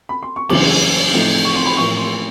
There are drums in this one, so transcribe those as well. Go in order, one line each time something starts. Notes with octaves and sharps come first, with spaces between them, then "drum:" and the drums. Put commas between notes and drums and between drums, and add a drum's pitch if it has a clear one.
B5
C6
C#6
F#1 E2 C#3 E3 G3 D6, drum: cymbal
A2 F3 A3 C4 D#4
C#6
C6
B5
A1 A2 F3 A#3 C#6
C6